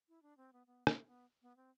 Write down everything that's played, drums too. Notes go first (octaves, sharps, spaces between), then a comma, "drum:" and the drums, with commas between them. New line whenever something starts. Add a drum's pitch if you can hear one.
E4
D4
C4
B3
B3
A3, drum: rim click
B3
B3
C4